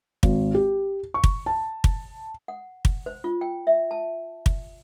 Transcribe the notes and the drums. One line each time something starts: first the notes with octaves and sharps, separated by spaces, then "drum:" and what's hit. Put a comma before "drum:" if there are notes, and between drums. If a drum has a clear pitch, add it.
G#1, drum: kick
G4
C#6
drum: kick
A5
drum: kick
F#5
drum: kick
C5
F4
G5
E5
A5
drum: kick